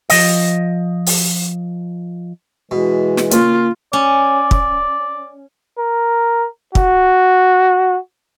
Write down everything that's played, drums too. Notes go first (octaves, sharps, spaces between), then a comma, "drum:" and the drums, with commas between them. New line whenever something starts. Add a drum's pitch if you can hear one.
F3 D#5, drum: open hi-hat
drum: open hi-hat
B2 E3 G#3
drum: snare
C#3 A#3 F4, drum: hi-hat
C#4 D5
drum: kick
A#4
F#4, drum: kick